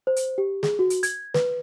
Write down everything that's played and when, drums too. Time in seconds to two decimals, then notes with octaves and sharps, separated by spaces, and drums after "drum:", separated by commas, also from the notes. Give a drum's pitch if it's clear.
0.07 C5
0.16 drum: hi-hat
0.38 G4
0.63 G#4, drum: snare
0.79 F#4
0.90 drum: hi-hat
1.03 G#6, drum: hi-hat
1.34 B4, drum: snare